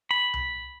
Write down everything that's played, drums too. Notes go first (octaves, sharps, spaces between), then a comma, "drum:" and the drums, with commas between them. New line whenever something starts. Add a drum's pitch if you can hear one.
B5
drum: tom C2